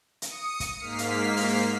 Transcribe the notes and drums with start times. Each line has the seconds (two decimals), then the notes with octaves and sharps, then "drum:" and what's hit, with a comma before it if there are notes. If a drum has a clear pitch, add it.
0.22 D#6 C#7, drum: hi-hat
0.60 drum: kick, hi-hat
0.79 G#2 A#3 F6 B6 C7
0.98 drum: hi-hat
1.37 drum: open hi-hat